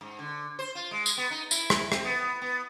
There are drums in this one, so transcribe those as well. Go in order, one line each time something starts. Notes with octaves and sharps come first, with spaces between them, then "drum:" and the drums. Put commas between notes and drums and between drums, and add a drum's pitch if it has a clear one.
G#2
D3
C5
F4
G#3
drum: tambourine
B3
D#4
E4, drum: tambourine
drum: rim click
C4, drum: rim click
B3
B3